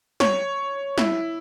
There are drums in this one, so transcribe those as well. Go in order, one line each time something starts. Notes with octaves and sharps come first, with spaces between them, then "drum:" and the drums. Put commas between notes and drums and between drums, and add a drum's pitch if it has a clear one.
C#5, drum: snare
E4, drum: snare